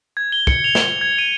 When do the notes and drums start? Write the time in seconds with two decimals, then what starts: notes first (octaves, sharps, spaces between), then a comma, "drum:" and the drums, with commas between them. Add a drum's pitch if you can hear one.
0.17 G#6
0.32 G7
0.47 C#7, drum: kick
0.64 F7
0.75 drum: snare
1.01 G#6
1.18 D#7